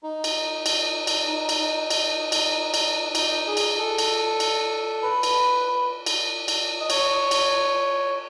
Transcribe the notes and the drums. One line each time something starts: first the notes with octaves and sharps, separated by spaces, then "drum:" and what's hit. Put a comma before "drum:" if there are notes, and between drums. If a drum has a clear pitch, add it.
D#4
drum: cymbal
drum: cymbal
drum: cymbal
D#4
drum: cymbal
D#4
drum: cymbal
drum: cymbal
drum: cymbal
D#4, drum: cymbal
G#4
drum: cymbal
A4
drum: cymbal
drum: cymbal
B4
drum: cymbal
drum: cymbal
drum: cymbal
D#5
C#5, drum: cymbal
drum: cymbal